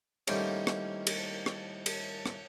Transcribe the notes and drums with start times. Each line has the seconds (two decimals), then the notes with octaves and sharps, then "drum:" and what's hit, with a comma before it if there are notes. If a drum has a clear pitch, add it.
0.27 A2 D#3 G3 A#3 C4 C#4, drum: cymbal
0.67 drum: rim click
1.07 drum: cymbal
1.46 drum: rim click
1.86 drum: cymbal
2.26 drum: rim click